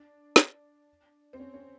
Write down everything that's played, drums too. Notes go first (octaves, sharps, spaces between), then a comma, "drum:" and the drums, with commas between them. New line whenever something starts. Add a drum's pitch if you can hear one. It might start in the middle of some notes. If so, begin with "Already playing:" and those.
Already playing: D4
drum: snare
C4
C#4
C#4